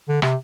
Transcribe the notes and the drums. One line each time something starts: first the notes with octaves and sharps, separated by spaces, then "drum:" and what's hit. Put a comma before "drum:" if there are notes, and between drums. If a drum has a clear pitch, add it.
D3
C3, drum: rim click